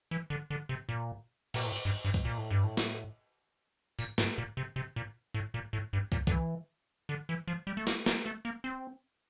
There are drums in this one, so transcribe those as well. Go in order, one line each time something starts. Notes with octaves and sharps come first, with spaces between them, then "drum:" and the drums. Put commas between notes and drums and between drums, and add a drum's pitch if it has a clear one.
E3
D3
D3
C3
A#2
A#2, drum: cymbal
A2
drum: hi-hat
G2
G2
drum: kick
A#2
A2
G2
A2
drum: snare
A#2, drum: tambourine
A2, drum: snare
A#2
C3
C3
A#2
A2
A#2
A2
G2
A#2, drum: kick
D3, drum: kick
E3
D3
E3
F3
G3
A3
A#3, drum: snare
A#3, drum: snare
A3
A#3
C4